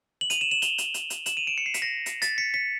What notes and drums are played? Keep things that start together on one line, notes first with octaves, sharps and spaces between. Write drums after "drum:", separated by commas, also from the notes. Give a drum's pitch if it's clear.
F#7
D#7 F7, drum: hi-hat
E7 F#7
E7 F#7
F7 G7, drum: hi-hat
drum: hi-hat
drum: hi-hat
drum: hi-hat
E7 F#7, drum: hi-hat
D#7 F7
D7 E7
C#7
C7
B6, drum: hi-hat
A#6 C7
drum: hi-hat
A6 B6, drum: hi-hat
B6 C#7
B6 C#7